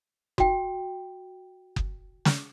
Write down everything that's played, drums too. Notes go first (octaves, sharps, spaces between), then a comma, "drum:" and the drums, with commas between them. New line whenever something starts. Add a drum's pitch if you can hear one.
F#4 G5, drum: kick F#1
drum: kick F#1
drum: snare